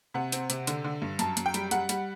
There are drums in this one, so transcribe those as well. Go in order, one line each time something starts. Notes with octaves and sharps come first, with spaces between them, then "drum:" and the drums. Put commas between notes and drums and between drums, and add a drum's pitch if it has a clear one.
C3 F#5
C4, drum: hi-hat
C3, drum: hi-hat
D3, drum: hi-hat
D3
G2
F#2 A5, drum: hi-hat
F#2, drum: hi-hat
G5
G3, drum: hi-hat
G3 F#5, drum: hi-hat
G3, drum: hi-hat